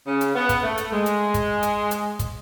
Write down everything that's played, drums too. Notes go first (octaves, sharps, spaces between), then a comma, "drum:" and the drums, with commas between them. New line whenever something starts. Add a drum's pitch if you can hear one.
C#3
drum: hi-hat
B3
drum: kick, hi-hat
A3
drum: hi-hat
G#3
drum: hi-hat
drum: kick, hi-hat
drum: hi-hat
drum: hi-hat
drum: kick, hi-hat